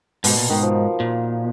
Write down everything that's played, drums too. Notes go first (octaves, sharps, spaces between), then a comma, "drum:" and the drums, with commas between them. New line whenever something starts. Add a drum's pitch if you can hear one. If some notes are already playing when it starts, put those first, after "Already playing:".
G#2 B2, drum: open hi-hat
A#2
G#2 D#3
F3
A#2